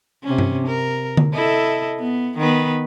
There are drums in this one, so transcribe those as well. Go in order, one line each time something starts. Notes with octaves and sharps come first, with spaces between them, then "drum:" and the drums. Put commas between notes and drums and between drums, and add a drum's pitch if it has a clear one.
C3 C#4
drum: tom G2
A#4
drum: tom D3
E4 A4 D#5
B3
D#3 B3 B4